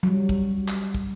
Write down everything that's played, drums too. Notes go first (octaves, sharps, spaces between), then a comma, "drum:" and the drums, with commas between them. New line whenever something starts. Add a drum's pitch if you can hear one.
F#3 G3
drum: kick
drum: clap
drum: kick